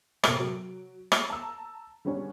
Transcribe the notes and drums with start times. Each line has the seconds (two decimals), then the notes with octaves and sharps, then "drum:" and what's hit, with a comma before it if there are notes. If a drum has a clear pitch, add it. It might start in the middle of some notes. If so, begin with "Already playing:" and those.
0.24 C3 A#3 A4 D7, drum: rim click
0.39 F#3
1.12 drum: rim click
1.30 A5 A#5 E6
2.05 D3 G3 B3 C#4 D4